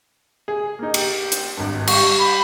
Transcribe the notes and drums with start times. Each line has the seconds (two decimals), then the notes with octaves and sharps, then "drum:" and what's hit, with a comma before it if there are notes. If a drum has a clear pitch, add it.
0.48 G#4
0.79 A#3 D#4
0.94 G4, drum: cymbal
1.32 drum: hi-hat
1.57 G#1 G2
1.87 G3 G4 C#6, drum: cymbal
2.19 B5